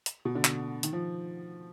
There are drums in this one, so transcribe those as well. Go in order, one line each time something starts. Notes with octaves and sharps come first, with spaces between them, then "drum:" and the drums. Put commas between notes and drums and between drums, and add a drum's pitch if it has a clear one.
drum: hi-hat
B2
D3
drum: clap
D#3, drum: hi-hat
F3